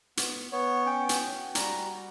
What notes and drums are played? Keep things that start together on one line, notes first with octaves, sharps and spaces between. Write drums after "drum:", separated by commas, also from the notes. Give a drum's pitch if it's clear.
B3, drum: hi-hat
B3 C#5
C#4 G5
drum: hi-hat
F#4
G3 A#5, drum: hi-hat
F#4